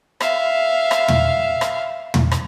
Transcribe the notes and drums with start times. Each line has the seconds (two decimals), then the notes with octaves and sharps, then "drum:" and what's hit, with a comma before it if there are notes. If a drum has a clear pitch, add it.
0.20 E5 F5, drum: rim click
0.91 drum: rim click
1.08 drum: tom
1.61 drum: rim click
2.14 drum: tom
2.31 drum: rim click